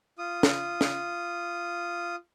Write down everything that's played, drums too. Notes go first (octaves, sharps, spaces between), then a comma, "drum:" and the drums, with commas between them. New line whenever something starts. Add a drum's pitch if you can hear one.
F4 D#6
drum: snare
drum: snare